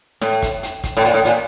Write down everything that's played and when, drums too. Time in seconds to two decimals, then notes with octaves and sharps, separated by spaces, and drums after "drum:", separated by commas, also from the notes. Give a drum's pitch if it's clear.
0.21 A2, drum: snare
0.42 drum: kick, hi-hat
0.63 drum: hi-hat
0.84 drum: kick, hi-hat
0.97 A2
1.05 A#2, drum: hi-hat
1.14 A2
1.25 A#2, drum: hi-hat